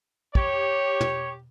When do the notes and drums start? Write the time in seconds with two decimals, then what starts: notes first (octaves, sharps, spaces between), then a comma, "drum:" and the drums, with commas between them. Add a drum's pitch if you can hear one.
0.35 G4 C#5, drum: kick
1.01 drum: tom